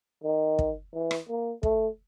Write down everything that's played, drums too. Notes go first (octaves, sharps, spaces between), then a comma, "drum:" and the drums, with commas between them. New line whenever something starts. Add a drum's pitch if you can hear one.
D#3
drum: kick
E3
drum: rim click
A#3
A3, drum: kick